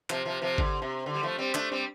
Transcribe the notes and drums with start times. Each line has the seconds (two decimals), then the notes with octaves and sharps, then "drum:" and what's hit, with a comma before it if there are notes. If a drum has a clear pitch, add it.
0.10 C3 F3, drum: clap
0.25 C3 F3
0.42 C3 F3
0.58 D3, drum: kick G#1
0.82 C3
1.06 D3
1.15 G3
1.23 F3 A3
1.38 G3 C4
1.55 A3 D4, drum: clap
1.71 G3 C4